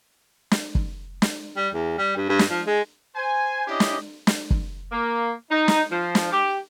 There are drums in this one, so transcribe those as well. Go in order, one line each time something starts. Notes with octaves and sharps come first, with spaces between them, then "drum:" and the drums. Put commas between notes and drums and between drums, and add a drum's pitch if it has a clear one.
drum: snare
drum: kick
drum: snare
G3
E2
G3
G2
G2
drum: snare
F3
G#3
C5 G#5
C#4 D4 E4 G4 D#5
drum: snare
drum: snare
drum: kick
A#3
D#4
drum: snare
F3
drum: snare
G4